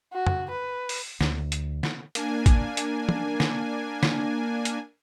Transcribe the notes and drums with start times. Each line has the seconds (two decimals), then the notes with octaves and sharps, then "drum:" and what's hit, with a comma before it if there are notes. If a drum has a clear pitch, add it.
0.13 F#4
0.27 drum: tom
0.50 B4
0.89 drum: open hi-hat
1.21 D2, drum: snare
1.52 drum: hi-hat
1.83 drum: snare
2.15 A#3 D4 G#5, drum: hi-hat
2.46 drum: kick, hi-hat
2.77 drum: hi-hat
3.09 drum: tom
3.40 drum: snare
4.03 drum: snare
4.65 drum: hi-hat